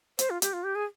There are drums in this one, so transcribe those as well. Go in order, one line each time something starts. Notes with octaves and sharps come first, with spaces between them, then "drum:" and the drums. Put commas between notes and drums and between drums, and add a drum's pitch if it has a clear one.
C5, drum: hi-hat
F4
G4, drum: hi-hat
F4
G4
G#4